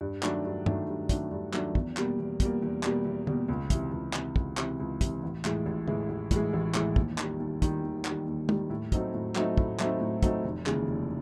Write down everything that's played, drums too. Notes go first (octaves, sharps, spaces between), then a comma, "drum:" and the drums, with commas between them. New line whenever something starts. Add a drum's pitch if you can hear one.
G2
D#3 F#3 A3 D4, drum: clap
G2
D#3 F#3 A3 D4, drum: tom G2
G2
D#3 F#3 A3 D4, drum: kick, hi-hat
G2
D#3 F#3 A3 D4, drum: clap
E2, drum: kick
B2 G3 A#3, drum: clap
E2
B2 G3 A#3, drum: kick, hi-hat
E2
B2 G3 A#3, drum: clap
E2
B2 G3 A#3, drum: tom D3
C#2
C3 E3, drum: kick, hi-hat
C#2
C3 E3, drum: clap
C#2, drum: kick
C3 E3, drum: clap
C#2
C3 E3, drum: kick, hi-hat
A1
A2 E3 G#3, drum: clap
A1
A2 E3 G#3, drum: tom D3
A1
A2 E3 G#3, drum: kick, hi-hat
A1
A2 E3 G#3, drum: clap
D#2, drum: kick
D#3 G3, drum: clap
D#2
D#3 G3, drum: kick, hi-hat
D#2
D#3 G3, drum: clap
D#2
D#3 G3, drum: tom
A2
F#3 A3 C4 D#4, drum: kick, hi-hat
A2
F#3 A3 C4 D#4, drum: clap
A2, drum: kick
F#3 A3 C4 D#4, drum: clap
A2
F#3 A3 C4 D#4, drum: kick, hi-hat
F1
D#2 C#3 E3 G#3, drum: clap
F1